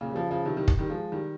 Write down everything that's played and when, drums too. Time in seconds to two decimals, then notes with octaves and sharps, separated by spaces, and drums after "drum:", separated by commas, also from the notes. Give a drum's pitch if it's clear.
0.01 A#2 C#3
0.11 G3
0.15 C#3 F3
0.31 C#3 F3
0.45 C3 D#3
0.56 D#3 G3
0.68 drum: kick
0.79 D#3 G3
0.90 F3 G#3
1.12 D#3 G3